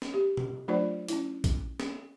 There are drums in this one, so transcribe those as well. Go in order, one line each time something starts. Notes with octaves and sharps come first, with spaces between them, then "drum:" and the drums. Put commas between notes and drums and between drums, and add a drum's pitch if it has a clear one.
drum: snare
G4
drum: tom
F#3 A3 D4 F4 C5 D5
C#4 E4, drum: hi-hat
drum: kick A#1, hi-hat
drum: snare